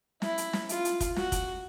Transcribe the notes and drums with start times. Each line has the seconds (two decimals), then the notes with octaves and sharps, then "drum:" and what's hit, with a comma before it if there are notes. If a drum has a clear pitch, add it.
0.22 E4, drum: snare
0.38 drum: hi-hat
0.53 drum: snare
0.69 F4, drum: hi-hat
0.85 drum: hi-hat
1.00 drum: kick, hi-hat
1.16 F#4, drum: snare
1.32 drum: kick, hi-hat